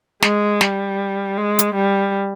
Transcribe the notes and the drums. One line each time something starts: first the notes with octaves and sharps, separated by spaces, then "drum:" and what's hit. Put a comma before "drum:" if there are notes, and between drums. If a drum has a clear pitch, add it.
G#3, drum: snare
G3, drum: snare
G#3
drum: hi-hat
G3